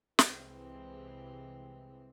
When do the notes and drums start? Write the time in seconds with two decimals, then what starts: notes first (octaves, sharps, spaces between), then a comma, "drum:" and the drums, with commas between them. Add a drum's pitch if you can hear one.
0.19 C2 C3 E3 G#3 C4, drum: snare